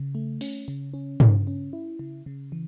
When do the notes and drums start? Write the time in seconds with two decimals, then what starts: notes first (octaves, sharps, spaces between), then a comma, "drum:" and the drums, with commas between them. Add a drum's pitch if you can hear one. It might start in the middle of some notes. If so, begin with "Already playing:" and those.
Already playing: C#3
0.15 A3
0.41 C#4, drum: open hi-hat
0.68 C#3
0.94 C#4
1.20 C#3, drum: tom
1.47 C#4
1.73 E4
1.99 C#3
2.26 C#3
2.52 E3